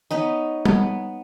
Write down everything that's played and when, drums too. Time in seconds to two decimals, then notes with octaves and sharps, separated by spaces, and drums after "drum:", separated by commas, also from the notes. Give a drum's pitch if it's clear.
0.11 B3 C#4 D#4 D#5
0.65 B3, drum: tom G3